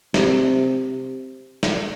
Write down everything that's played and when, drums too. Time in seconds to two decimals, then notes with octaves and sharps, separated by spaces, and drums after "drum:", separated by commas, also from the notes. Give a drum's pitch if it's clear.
0.14 C3, drum: snare
1.63 drum: snare